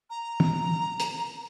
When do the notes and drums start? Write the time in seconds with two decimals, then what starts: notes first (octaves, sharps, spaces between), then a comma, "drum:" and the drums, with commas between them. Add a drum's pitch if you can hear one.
0.10 A#5
0.40 drum: tom
1.00 drum: hi-hat